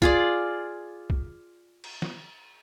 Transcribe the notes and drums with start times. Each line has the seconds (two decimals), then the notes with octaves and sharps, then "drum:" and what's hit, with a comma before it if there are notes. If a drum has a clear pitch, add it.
0.02 F4 G#4 D5, drum: kick
1.10 drum: kick
1.84 drum: cymbal
2.02 drum: snare